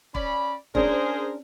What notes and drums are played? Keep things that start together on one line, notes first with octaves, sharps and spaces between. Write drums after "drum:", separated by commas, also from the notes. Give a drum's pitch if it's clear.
C#4 D5 B5, drum: kick
C#4 D4 G#4 A#4 C5, drum: kick